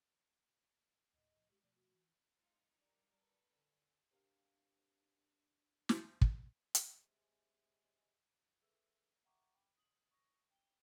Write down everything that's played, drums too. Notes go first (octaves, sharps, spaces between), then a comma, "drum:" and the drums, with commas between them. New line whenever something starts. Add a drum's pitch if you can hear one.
D2 A2 D#5
C2 A2 F3
G#3 G4
B2 F3 A3 D5
F#4
E3
G#3 D#4 F4
G3 D4 G4 A#4 D5
A4 B4
D3 G#5
C3 A#3 D4 F5
drum: snare
drum: kick
drum: hi-hat
C3 G#3
G#4 A4 B4 E5 E6
E5 F#5 G5 A#5 C#6 D6
G5 B5 D6
D#6 F#7
C#6 D#6 A#6
G5 G7